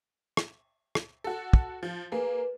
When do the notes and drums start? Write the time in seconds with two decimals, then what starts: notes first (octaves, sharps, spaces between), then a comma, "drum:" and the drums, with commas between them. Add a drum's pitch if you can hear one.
0.37 drum: rim click
0.95 drum: rim click
1.24 F#4 A4
1.53 drum: kick
1.83 F3
2.12 A#3 G#4 B4